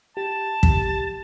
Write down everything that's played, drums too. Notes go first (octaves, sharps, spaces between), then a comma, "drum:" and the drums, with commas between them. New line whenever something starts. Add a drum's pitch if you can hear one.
G4 A5
drum: kick